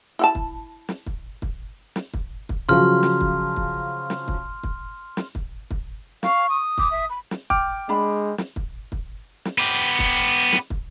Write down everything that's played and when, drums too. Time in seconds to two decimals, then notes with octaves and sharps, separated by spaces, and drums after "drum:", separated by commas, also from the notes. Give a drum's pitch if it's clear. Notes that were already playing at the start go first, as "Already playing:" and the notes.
0.19 E4 F#5 A5
0.35 drum: kick
0.89 drum: snare
1.06 drum: kick
1.42 drum: kick
1.96 drum: snare
2.14 drum: kick
2.49 drum: kick
2.69 C#3 F3 F#3 C6 F6
3.03 drum: snare
3.21 drum: kick
3.56 drum: kick
4.10 drum: snare
4.28 drum: kick
4.63 drum: kick
5.17 drum: snare
5.35 drum: kick
5.71 drum: kick
6.23 F5 C#6, drum: snare
6.50 D#6
6.78 D6, drum: kick
6.91 E5
7.09 B5
7.31 drum: snare
7.50 G5 D6 F6, drum: kick
7.89 G#3 D4 B5
8.38 drum: snare
8.56 drum: kick
8.92 drum: kick
9.45 drum: snare
9.58 B3 G4
9.99 drum: kick
10.52 drum: snare
10.70 drum: kick